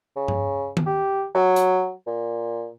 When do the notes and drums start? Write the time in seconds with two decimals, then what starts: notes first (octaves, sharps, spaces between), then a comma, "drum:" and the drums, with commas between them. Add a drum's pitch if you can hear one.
0.16 C#3
0.28 drum: tom G2
0.77 drum: tom D#3
0.86 G4
1.35 F#3
1.56 drum: hi-hat
2.07 A#2